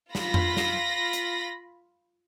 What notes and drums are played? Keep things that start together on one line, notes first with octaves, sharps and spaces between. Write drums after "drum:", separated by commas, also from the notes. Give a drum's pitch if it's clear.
F4 B5 A#6 B6, drum: snare
drum: tom F2
drum: snare
drum: hi-hat